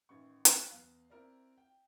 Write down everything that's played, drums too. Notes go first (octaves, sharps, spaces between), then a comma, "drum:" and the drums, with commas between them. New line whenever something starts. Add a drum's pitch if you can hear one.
A1 D#3 C#6
drum: hi-hat
E2 F5 F#6
C4 E4 A#4 D5
G5